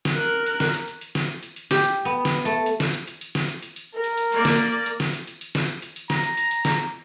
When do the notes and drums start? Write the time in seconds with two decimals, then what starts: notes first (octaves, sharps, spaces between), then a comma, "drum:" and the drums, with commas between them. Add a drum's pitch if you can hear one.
0.05 drum: snare
0.15 A#4 F#6
0.46 drum: hi-hat
0.60 drum: snare
0.74 drum: hi-hat
0.88 drum: hi-hat
1.01 drum: hi-hat
1.15 drum: snare
1.43 drum: hi-hat
1.56 drum: hi-hat
1.71 G4, drum: snare
1.84 drum: hi-hat
2.05 B3
2.25 drum: snare
2.45 A3
2.66 drum: hi-hat
2.80 drum: snare
2.94 drum: hi-hat
3.08 drum: hi-hat
3.21 drum: hi-hat
3.35 drum: snare
3.49 drum: hi-hat
3.63 drum: hi-hat
3.76 drum: hi-hat
3.95 A#4
4.04 drum: hi-hat
4.17 drum: hi-hat
4.32 A#3 D5, drum: hi-hat
4.45 drum: snare
4.59 drum: hi-hat
4.86 drum: hi-hat
5.00 drum: snare
5.14 drum: hi-hat
5.27 drum: hi-hat
5.41 drum: hi-hat
5.55 drum: snare
5.69 drum: hi-hat
5.82 drum: hi-hat
5.96 drum: hi-hat
6.10 A#5, drum: snare
6.24 drum: hi-hat
6.37 drum: hi-hat
6.51 drum: hi-hat
6.65 drum: snare